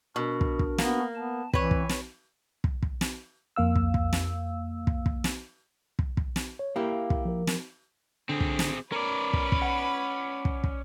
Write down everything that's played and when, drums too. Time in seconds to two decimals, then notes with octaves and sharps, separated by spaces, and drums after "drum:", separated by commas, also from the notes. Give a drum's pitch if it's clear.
0.16 B2 D4 F#4 A#4
0.41 drum: kick
0.59 drum: kick
0.78 A#3 B3, drum: snare
1.15 B3 A5
1.53 E3 C4 B4 C#5, drum: kick
1.71 drum: kick
1.90 drum: snare
2.64 drum: kick
2.83 drum: kick
3.01 drum: snare
3.56 F2 A#3 F5 E6
3.76 drum: kick
3.94 drum: kick
4.13 drum: snare
4.87 drum: kick
5.06 drum: kick
5.24 drum: snare
5.99 drum: kick
6.17 drum: kick
6.36 drum: snare
6.59 C#5
6.76 A#3 E4 G4 F5
7.10 drum: kick
7.25 F3 A#4
7.47 drum: snare
8.29 D3 C4 G#4
8.40 drum: kick
8.59 drum: snare
8.92 C#4 A#4 B4 D5
9.33 drum: kick
9.52 drum: kick
9.62 F#5
10.45 drum: kick
10.64 drum: kick